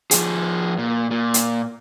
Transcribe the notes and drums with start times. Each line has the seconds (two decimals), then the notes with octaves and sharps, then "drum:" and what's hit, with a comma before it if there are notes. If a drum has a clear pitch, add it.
0.11 F3 G#4, drum: hi-hat
0.78 A#2
1.11 A#2
1.34 drum: hi-hat